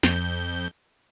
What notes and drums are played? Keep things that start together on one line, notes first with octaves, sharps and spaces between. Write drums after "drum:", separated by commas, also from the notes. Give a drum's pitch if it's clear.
F2 G6, drum: snare